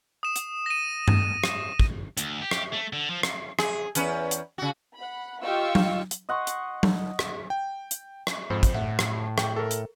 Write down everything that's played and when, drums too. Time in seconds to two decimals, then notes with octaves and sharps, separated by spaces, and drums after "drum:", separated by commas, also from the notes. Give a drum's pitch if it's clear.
0.23 D#6 E7
0.36 drum: hi-hat
0.66 A#6 D#7
1.08 drum: tom G2
1.44 drum: rim click
1.79 drum: kick
2.17 D2, drum: hi-hat
2.42 G4
2.51 drum: rim click
2.73 A3
2.93 D3
3.10 F3
3.23 drum: rim click
3.59 G#4, drum: rim click
3.95 E2 C#4 B4, drum: hi-hat
4.31 drum: hi-hat
4.58 C#3 F#4
4.96 F#5 B5
5.43 F4 G4 D#5 F5 C#6 E6
5.75 drum: tom F#3
6.11 drum: hi-hat
6.29 D#5 F#5 C6 C#6
6.47 drum: hi-hat
6.83 drum: tom F#3
7.19 drum: rim click
7.50 G5
7.91 drum: hi-hat
8.27 drum: rim click
8.50 F2 G#2 C5
8.63 drum: kick, hi-hat
8.74 A2 E5 F#5
8.99 drum: rim click
9.38 G5, drum: rim click
9.56 A4 A#4
9.71 drum: hi-hat